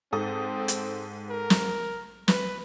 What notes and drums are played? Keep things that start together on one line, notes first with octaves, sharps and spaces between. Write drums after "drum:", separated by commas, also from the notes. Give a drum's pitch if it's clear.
G#2 C4 A4 D#6
drum: hi-hat
A#4
drum: snare
B4, drum: snare